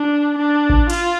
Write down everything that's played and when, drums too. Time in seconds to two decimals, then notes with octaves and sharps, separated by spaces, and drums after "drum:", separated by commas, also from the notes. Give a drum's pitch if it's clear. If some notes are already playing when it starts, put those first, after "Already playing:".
Already playing: D4
0.38 D4
0.70 drum: kick A1
0.90 F4, drum: cymbal